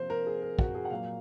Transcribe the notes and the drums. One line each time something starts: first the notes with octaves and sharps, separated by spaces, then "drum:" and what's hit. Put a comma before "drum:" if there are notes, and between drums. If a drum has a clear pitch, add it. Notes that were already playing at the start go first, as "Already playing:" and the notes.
Already playing: F2 C3 F3 A#3 C5
A#4
G#4
A#4
F#4, drum: kick
G#4
F#5
A#2 F#3 A#3 F5